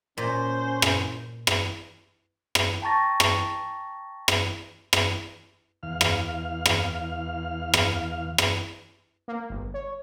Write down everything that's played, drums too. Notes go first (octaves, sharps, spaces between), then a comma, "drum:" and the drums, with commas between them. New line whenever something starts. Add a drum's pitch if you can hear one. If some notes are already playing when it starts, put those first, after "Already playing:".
A#2 C#4 C5
drum: rim click
drum: rim click
drum: rim click
G5 A5 A#5 C#6 A6 A#6
drum: rim click
drum: rim click
drum: rim click
E2 F5 F6
drum: rim click
drum: rim click
drum: rim click
drum: rim click
A#3
G1
C#5